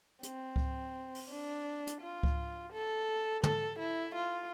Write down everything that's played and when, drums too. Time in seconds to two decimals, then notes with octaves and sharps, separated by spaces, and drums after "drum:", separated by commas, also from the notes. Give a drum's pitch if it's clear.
0.23 C4, drum: hi-hat
0.56 drum: kick C#2
1.15 drum: open hi-hat
1.29 D4
1.87 drum: hi-hat
2.01 F4
2.23 drum: kick C#2
2.73 A4
3.43 A4, drum: tom
3.79 E4
4.15 F4